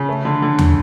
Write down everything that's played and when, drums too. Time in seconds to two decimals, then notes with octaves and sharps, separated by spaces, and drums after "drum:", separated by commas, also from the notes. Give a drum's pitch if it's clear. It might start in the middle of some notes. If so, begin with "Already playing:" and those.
Already playing: C#3
0.09 A3
0.25 D3
0.42 D3
0.58 drum: tom D#2